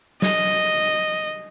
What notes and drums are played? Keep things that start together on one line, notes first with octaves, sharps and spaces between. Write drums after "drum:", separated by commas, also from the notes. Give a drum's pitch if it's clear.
D#5, drum: snare